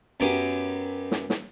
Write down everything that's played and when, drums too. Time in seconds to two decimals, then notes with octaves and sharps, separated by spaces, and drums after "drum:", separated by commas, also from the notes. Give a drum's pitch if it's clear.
0.20 F#2 B3 G4 G#5 D6
1.11 drum: snare
1.30 drum: snare